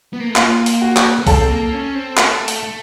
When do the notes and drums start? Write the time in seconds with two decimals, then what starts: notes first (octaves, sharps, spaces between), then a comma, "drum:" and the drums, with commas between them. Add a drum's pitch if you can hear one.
0.14 B3
0.21 A#3
0.29 A3
0.36 A#3 F4, drum: clap
0.66 drum: open hi-hat
0.82 F#4
0.97 drum: clap
1.19 B3
1.27 C4 A4, drum: kick C2, open hi-hat
1.49 A#3
1.73 C#4
1.95 C4
2.17 A3, drum: clap
2.48 drum: open hi-hat
2.63 A3